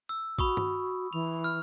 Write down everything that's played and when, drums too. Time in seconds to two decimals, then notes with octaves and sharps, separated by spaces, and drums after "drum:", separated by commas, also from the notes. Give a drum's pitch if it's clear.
0.09 E6
0.39 F#4 B5 C#6 D#6, drum: kick A1
0.57 drum: tom G2
1.13 E3 F7
1.44 F6